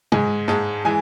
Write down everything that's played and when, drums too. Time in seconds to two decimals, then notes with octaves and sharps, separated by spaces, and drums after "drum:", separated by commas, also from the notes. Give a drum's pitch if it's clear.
0.12 G#2 G#3 G#5, drum: tom
0.48 G#2 G#3 A5, drum: rim click
0.85 E3 G#3 G#5